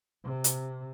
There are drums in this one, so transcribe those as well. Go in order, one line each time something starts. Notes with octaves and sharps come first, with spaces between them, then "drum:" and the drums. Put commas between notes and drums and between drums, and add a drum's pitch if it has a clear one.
C3
drum: hi-hat